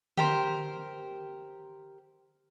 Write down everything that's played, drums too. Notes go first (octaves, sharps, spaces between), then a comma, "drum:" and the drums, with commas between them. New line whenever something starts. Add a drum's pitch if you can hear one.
G4 A#4 C5, drum: tom D3